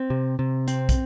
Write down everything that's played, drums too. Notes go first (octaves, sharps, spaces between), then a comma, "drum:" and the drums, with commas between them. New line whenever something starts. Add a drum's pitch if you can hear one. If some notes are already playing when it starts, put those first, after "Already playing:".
Already playing: C4
C3
C3
C4, drum: hi-hat
drum: kick, hi-hat